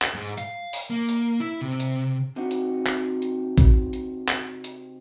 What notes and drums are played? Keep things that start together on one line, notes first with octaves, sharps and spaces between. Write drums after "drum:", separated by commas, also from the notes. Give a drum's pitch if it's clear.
drum: clap
G#2
F5, drum: hi-hat
drum: open hi-hat
A#3
drum: hi-hat
E4
C3
drum: hi-hat
C3 D#4 F#4
drum: hi-hat
drum: clap
drum: hi-hat
drum: kick A1, hi-hat
drum: hi-hat
drum: clap
drum: hi-hat